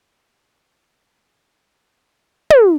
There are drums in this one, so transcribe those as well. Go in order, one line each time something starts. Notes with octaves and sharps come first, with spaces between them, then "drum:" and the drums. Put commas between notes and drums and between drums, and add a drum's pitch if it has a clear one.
G#3 D4 D#4 F#4 A4 C5
A5
drum: tom